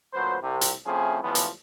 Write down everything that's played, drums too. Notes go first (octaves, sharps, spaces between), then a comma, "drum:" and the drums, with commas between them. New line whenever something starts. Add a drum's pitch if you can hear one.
D2 A#2 F#3 B4 C5
C2 C3
drum: hi-hat
F3 A3 C4 C#4 E4 G#4
C#2 A2 E3 F3 G3 B3
drum: hi-hat